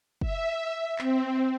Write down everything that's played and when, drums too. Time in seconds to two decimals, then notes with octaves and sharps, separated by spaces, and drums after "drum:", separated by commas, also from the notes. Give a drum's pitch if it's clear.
0.21 E5, drum: kick
0.99 C4, drum: clap